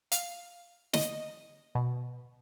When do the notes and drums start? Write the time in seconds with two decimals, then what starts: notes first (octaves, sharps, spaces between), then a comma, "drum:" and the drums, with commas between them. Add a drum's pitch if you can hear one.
0.12 F5, drum: hi-hat
0.93 D#5, drum: snare
1.75 B2